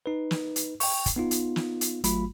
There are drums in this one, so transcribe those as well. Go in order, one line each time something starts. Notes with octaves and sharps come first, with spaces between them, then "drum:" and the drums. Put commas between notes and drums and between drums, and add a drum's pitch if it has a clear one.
D#4 B4
drum: snare
drum: hi-hat
G5 C#6, drum: open hi-hat
drum: kick, hi-hat
B3 D#4 F4
drum: hi-hat
drum: snare
drum: hi-hat
G#1 F#3 A3 F4 B5, drum: hi-hat